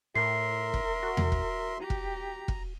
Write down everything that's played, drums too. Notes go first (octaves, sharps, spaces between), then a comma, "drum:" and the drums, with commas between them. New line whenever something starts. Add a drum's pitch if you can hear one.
A2 A#4 E5 C6 C7
drum: kick F1
F#4
drum: tom E2
drum: kick F1
G4 A#5
drum: kick F1
drum: kick F1